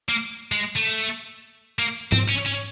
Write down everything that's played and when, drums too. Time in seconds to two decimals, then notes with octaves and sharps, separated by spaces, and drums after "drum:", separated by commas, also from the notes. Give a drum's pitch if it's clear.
0.09 A#3
0.52 G#3
0.76 A3
1.79 A#3
2.12 C4, drum: tom G#2
2.29 C#4
2.46 C#4